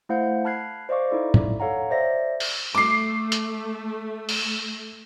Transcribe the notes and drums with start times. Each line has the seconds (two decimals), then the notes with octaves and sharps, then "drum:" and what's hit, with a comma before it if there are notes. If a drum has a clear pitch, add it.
0.09 A3 E4 C5 F5 F#5 G6
0.45 A5 B5 F6 F#6 G#6 C7
0.89 C5 D5 D#5 F5 C#6 D6
1.10 D#4 E4 A4 D5
1.34 drum: tom
1.60 A4 C#5 F5 F#5 A#5
1.90 C5 D5 E5 A#6
2.40 drum: open hi-hat
2.75 A3 D6 C7
3.32 drum: hi-hat
4.29 drum: open hi-hat